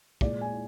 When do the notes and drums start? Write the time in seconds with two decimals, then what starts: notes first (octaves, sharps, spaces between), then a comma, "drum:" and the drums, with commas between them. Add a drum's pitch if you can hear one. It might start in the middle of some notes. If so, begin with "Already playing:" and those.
0.21 A#2 G#3 D5, drum: kick
0.41 G#5